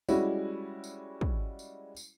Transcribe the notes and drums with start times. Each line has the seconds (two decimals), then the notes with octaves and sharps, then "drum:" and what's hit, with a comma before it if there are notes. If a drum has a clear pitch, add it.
0.09 G3 G#3 C#4 E4 F#4, drum: tambourine
0.84 drum: tambourine
1.21 drum: kick
1.59 drum: tambourine
1.96 drum: tambourine